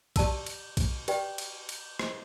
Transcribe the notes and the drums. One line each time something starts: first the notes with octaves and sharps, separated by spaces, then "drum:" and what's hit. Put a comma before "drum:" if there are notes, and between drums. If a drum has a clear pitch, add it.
G4 D5 A5 E6, drum: kick A#1, cymbal
drum: cymbal
drum: kick A#1, cymbal
G4 B4 D5 G5, drum: cymbal
drum: cymbal
drum: cymbal
drum: rim click